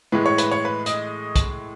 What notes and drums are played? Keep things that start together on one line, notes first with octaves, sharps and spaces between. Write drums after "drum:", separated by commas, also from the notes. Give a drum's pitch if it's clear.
A2 E3 G#3 B4
C#5
B4, drum: hi-hat
C#5
B4
D#5, drum: hi-hat
drum: kick, hi-hat